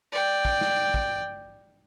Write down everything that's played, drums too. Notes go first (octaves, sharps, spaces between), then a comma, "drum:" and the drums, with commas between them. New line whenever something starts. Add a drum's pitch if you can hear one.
D5 G5
drum: kick
drum: snare
drum: kick